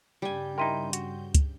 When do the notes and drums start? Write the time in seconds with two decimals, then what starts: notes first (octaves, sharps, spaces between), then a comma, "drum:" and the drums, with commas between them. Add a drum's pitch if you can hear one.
0.22 G2 C#3 G3 G#5 G6
0.58 D#4 E4 A#4 G5 C6 D#7
0.93 F#4, drum: hi-hat
1.35 drum: kick, hi-hat